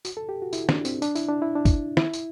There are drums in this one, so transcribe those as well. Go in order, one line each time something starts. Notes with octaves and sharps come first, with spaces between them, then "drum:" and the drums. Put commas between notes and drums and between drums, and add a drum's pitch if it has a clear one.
F#4, drum: tambourine
A4
G4
F#4
E4, drum: tambourine
D4, drum: snare
C4, drum: tambourine
D4, drum: tambourine
E4, drum: tambourine
D4
E4
D4
drum: kick G1, tambourine
E4, drum: snare
drum: tambourine